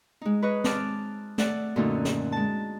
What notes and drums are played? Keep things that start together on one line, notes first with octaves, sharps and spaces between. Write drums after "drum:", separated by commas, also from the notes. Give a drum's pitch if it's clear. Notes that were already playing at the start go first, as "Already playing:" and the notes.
G#3 D#4
B4 C#5 D#5
C4 A5 D6 F6, drum: snare
A3 D5 F#5, drum: snare
F#2 A#2 D3 A3 C#4 D#4
drum: snare
G#3 A5